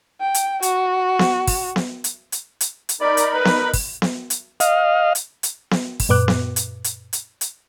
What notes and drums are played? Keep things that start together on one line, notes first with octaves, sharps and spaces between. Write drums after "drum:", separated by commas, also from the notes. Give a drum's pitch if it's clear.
G5
drum: hi-hat
F#4, drum: hi-hat
drum: snare B3
drum: kick, open hi-hat
drum: snare B3
drum: hi-hat
drum: hi-hat
drum: hi-hat
drum: hi-hat
D#4 A#4 D5 B5
drum: hi-hat
B4
drum: snare B3
drum: kick, open hi-hat
drum: snare B3
drum: hi-hat
D#5 F5, drum: hi-hat
drum: hi-hat
drum: hi-hat
drum: snare B3
drum: kick, open hi-hat
F#2 A#2 B4 D6 F#6
drum: snare B3
drum: hi-hat
drum: hi-hat
drum: hi-hat
drum: hi-hat